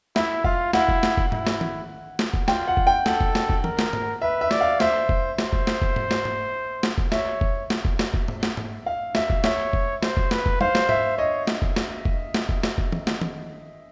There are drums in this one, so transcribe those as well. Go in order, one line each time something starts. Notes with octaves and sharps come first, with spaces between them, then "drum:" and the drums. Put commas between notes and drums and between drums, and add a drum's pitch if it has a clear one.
E4 E5, drum: snare
F4 F5, drum: kick F1
E4 F#5, drum: snare
drum: kick F1
drum: snare
drum: kick F1
E4, drum: tom G#2
drum: snare
drum: tom
drum: snare
drum: kick F1
F4 G5, drum: snare
F#5
drum: kick F1
G5
A4 F#5, drum: snare
drum: kick F1
drum: snare
drum: kick F1
A#4, drum: tom
drum: snare
drum: tom G#2
B4 E5
E5
D5, drum: snare
F5
C5 E5, drum: snare
drum: kick F1
C5, drum: snare
drum: kick F1
drum: snare
drum: kick F1
drum: tom G#2
drum: snare
drum: tom G#2
drum: snare
drum: kick F1
C#5 E5, drum: snare
drum: kick F1
drum: snare
drum: kick F1
drum: snare
drum: kick F1
drum: tom G#2
drum: snare
drum: tom G#2
F5
E5, drum: snare
drum: kick F1
C#5 E5, drum: snare
drum: kick F1
C5, drum: snare
drum: kick F1
B4, drum: snare
drum: kick F1
C5 F5, drum: tom
drum: snare
E5, drum: tom G#2
C#5 D#5
drum: snare
drum: kick F1
drum: snare
drum: kick F1
drum: snare
drum: kick F1
drum: snare
drum: kick F1
drum: tom
drum: snare
drum: tom